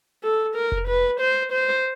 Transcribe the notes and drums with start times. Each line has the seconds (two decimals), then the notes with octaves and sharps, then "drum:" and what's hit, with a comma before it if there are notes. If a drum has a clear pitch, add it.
0.24 A4
0.55 A#4
0.72 drum: kick F1
0.88 B4
1.20 C5
1.52 C5